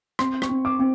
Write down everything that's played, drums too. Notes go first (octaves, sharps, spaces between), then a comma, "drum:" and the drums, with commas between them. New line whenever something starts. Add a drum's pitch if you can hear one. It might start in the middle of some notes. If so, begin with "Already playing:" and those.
C4 C6, drum: rim click
C#6, drum: rim click
C4
D6
C4